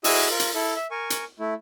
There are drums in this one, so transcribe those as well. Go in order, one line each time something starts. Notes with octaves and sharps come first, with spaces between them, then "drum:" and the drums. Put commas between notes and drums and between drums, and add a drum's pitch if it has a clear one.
E4 F#4 G#4 D#5 D#6 E6, drum: open hi-hat
F4 A#4
drum: hi-hat
E4 A4
E5
A#4 G#5 C#6
drum: hi-hat
A3 E4